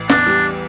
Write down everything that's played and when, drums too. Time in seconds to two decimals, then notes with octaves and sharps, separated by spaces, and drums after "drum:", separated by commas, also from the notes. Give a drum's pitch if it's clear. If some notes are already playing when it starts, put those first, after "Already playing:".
Already playing: A1
0.10 E2 D4, drum: snare
0.27 G3